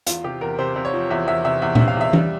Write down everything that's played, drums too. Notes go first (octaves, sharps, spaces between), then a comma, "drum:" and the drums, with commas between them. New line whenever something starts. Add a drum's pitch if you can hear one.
E2 F4, drum: hi-hat
C3 G4
E2 A#4
C3 C5
C3
C#5
F3
E2 E5
E2 E5
C3 E5
E2 E5
C3 E5, drum: tom A#2
F5
E2 E5
G3 E5, drum: tom E3